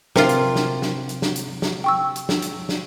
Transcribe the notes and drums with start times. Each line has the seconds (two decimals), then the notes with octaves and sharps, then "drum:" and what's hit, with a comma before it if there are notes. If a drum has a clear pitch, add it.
0.16 C3 F4 A#4, drum: snare
0.29 drum: hi-hat
0.56 drum: snare
0.82 drum: snare
1.09 drum: hi-hat
1.22 drum: snare
1.36 drum: hi-hat
1.62 drum: snare
1.84 G5 C#6 E6
2.16 drum: hi-hat
2.29 drum: snare
2.42 drum: hi-hat
2.69 drum: snare